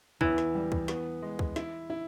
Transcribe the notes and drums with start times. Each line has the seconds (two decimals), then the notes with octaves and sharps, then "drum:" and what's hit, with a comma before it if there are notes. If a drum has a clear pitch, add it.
0.21 E2 E3, drum: kick
0.38 drum: snare
0.55 G3
0.72 drum: kick
0.88 B3, drum: snare
1.22 G#3
1.39 drum: kick
1.56 E4, drum: snare
1.90 E4